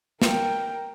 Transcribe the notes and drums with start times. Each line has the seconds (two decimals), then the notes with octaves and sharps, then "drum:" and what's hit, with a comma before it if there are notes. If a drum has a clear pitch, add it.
0.22 A#4 G5, drum: snare